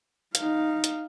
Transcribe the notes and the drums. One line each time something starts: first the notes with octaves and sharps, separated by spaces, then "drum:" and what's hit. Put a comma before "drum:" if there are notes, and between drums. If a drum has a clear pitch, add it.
D#4 F5, drum: hi-hat
drum: hi-hat